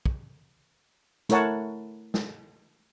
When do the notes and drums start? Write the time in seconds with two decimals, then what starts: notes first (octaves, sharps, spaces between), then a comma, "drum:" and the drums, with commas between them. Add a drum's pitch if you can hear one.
0.06 drum: kick
1.29 A3 E4 A#4 C#5 F#5 A5, drum: hi-hat
2.14 drum: snare